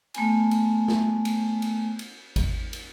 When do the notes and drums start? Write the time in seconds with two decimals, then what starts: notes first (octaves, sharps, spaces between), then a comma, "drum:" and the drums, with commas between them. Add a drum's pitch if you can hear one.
0.14 A3 B3 G#5, drum: cymbal
0.51 drum: cymbal
0.88 drum: snare
1.25 drum: cymbal
1.62 drum: cymbal
1.99 drum: cymbal
2.36 drum: kick G#1, cymbal
2.73 drum: cymbal